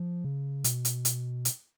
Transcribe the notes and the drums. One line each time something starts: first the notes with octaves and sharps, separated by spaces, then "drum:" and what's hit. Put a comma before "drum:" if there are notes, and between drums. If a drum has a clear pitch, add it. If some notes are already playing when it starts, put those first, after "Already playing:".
Already playing: F3
C#3
B2, drum: hi-hat
drum: hi-hat
drum: hi-hat
drum: hi-hat